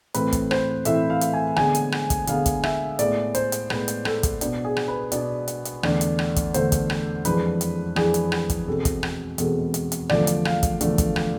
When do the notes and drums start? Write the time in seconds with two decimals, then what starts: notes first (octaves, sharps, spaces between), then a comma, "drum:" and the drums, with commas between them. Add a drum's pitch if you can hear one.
0.14 A2 E3 A3 C4 E4 B4, drum: hi-hat
0.32 drum: kick, hi-hat
0.51 C5, drum: rim click
0.85 A2 E3 A3 C4 E4 E5, drum: hi-hat
1.10 F5
1.21 drum: hi-hat
1.33 G#5
1.56 D3 G#3 B3 G#5, drum: rim click
1.75 drum: hi-hat
1.92 drum: rim click
2.10 drum: kick, hi-hat
2.27 D3 G#3 B3 F5, drum: hi-hat
2.46 drum: kick, hi-hat
2.63 E5, drum: rim click
2.99 A2 G#3 B3 D5, drum: hi-hat
3.35 C5, drum: hi-hat
3.52 drum: hi-hat
3.70 A2 G#3 B3 B4, drum: rim click
3.88 drum: hi-hat
4.05 A4, drum: rim click
4.23 drum: kick, hi-hat
4.41 B2 B3 D4, drum: hi-hat
4.65 G#4
4.77 drum: rim click
4.88 B4
5.12 B2 B3 D4 D5, drum: hi-hat
5.48 drum: hi-hat
5.65 drum: hi-hat
5.83 E2 D3 A3 D4, drum: rim click
6.01 drum: hi-hat
6.19 drum: rim click
6.36 drum: kick, hi-hat
6.54 E2 D3 A3 D4 C5, drum: hi-hat
6.72 drum: kick, hi-hat
6.90 drum: rim click
7.25 F2 E3 G#3 D4 B4, drum: hi-hat
7.61 drum: hi-hat
7.96 F2 E3 G#3 D4 G#4, drum: rim click
8.14 drum: hi-hat
8.32 drum: rim click
8.50 drum: kick, hi-hat
8.67 E2 B2 G#3 C4 A4
8.85 drum: kick, hi-hat
9.03 drum: rim click
9.38 E2 B2 G#3 C4 A4, drum: hi-hat
9.74 drum: hi-hat
9.92 drum: hi-hat
10.09 E2 D3 F3 A3 D4 D5, drum: rim click
10.27 drum: hi-hat
10.45 F5, drum: rim click
10.63 drum: kick, hi-hat
10.81 E2 D3 F3 A3 D4, drum: hi-hat
10.98 drum: kick, hi-hat
11.16 drum: rim click